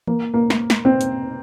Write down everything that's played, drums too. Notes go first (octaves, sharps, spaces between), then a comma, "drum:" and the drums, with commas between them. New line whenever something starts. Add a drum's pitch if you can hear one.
A#3, drum: tom E3
A#3
drum: snare
drum: snare
C4
drum: hi-hat